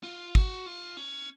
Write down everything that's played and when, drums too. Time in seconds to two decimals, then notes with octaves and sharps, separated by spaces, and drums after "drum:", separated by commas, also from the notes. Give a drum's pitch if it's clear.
0.03 F4
0.35 F#4, drum: kick
0.66 F4
0.97 C#4